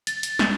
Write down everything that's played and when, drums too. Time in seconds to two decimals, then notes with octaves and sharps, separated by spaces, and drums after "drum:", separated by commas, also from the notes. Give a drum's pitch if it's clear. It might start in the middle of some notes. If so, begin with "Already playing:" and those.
0.07 A6, drum: hi-hat
0.23 drum: hi-hat
0.39 drum: snare